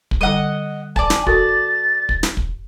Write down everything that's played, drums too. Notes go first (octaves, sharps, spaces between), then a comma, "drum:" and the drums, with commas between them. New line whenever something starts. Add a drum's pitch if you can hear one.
drum: kick
D3 G3 D#5 F#5
D5 G#5 A5, drum: kick
drum: snare
F#4 A4 A#4 A6, drum: kick
drum: kick
drum: snare
drum: kick